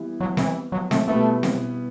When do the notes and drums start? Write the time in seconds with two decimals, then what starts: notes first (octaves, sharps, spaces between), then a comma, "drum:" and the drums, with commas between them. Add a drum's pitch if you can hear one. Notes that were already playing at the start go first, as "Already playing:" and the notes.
Already playing: E3 G3 B3 E4
0.20 F#3
0.37 E3, drum: snare C4
0.72 F#3
0.91 A3, drum: snare C4
1.08 B2 G3 A3 B3 E4
1.43 drum: snare C4